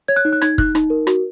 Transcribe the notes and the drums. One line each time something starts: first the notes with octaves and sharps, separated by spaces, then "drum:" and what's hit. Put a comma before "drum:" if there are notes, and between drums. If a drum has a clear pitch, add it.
C#5 G#6
F#6
D#4
F#6
D#4 G#6, drum: rim click
D#4 F#6, drum: kick
D#4, drum: rim click
A#4
F#4, drum: rim click